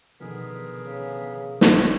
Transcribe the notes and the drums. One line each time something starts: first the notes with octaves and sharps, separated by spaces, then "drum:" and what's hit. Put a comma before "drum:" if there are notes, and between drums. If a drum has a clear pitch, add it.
B2 D3 D#3 F3 B3 G#4 A#4
C#3
drum: snare